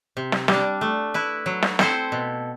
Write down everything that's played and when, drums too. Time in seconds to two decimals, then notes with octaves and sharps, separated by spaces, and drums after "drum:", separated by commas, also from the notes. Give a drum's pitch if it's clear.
0.17 C3
0.32 drum: snare
0.48 G3, drum: snare
0.53 D4
0.81 A3
1.14 E4 B4
1.46 F#3
1.63 drum: snare
1.79 C4 E4 A4 C5, drum: snare
2.12 B2